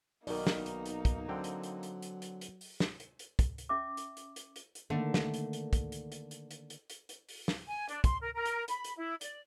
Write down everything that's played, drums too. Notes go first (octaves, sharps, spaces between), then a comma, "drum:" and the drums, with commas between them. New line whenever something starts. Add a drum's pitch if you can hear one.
B1 B2 D#3 A#3 D#4 A#4 D5, drum: open hi-hat
drum: snare
drum: hi-hat
drum: hi-hat
drum: kick, hi-hat
D3 F#3 C4 G5
drum: hi-hat
drum: hi-hat
drum: hi-hat
drum: hi-hat
drum: hi-hat
drum: hi-hat
drum: open hi-hat
drum: snare
drum: hi-hat
drum: hi-hat
drum: kick, hi-hat
drum: hi-hat
C#4 E5 D6
drum: hi-hat
drum: hi-hat
drum: hi-hat
drum: hi-hat
drum: hi-hat
D3 D#3 A3 A#3
drum: snare
drum: hi-hat
drum: hi-hat
drum: kick, hi-hat
drum: hi-hat
drum: hi-hat
drum: hi-hat
drum: hi-hat
drum: hi-hat
drum: hi-hat
drum: hi-hat
drum: open hi-hat
drum: snare
G#5
D4, drum: hi-hat
C6, drum: kick, hi-hat
A#4
A#4
drum: hi-hat
B5, drum: hi-hat
drum: hi-hat
E4
D5, drum: hi-hat